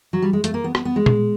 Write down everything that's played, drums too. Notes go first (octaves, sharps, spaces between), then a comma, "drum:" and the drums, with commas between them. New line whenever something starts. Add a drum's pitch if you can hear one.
F#3
G3
G#3
A3, drum: hi-hat
A#3
B3
B3, drum: rim click
B3
G#3
drum: tom A#2